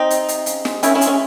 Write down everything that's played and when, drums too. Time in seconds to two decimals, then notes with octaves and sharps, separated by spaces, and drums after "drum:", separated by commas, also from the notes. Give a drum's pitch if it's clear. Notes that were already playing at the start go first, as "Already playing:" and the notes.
Already playing: C4 D#4
0.10 C3, drum: hi-hat
0.29 C3, drum: hi-hat
0.46 C#3, drum: hi-hat
0.65 G#3, drum: snare
0.83 D#3 C#4 E4, drum: hi-hat
0.95 C#4 E4
1.01 G#3, drum: hi-hat
1.07 C#4